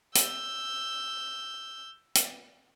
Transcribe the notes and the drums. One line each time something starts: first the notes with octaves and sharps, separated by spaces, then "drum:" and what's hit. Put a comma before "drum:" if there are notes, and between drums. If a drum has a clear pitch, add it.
E6 G6, drum: hi-hat
drum: hi-hat